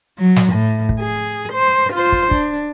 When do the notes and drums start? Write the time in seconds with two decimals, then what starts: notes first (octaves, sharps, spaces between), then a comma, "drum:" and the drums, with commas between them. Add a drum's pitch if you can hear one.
0.19 F#3
0.36 drum: snare
0.53 A2
0.89 drum: kick
1.00 G#4
1.52 C5
1.93 F4 C5
2.12 drum: kick
2.31 D4, drum: kick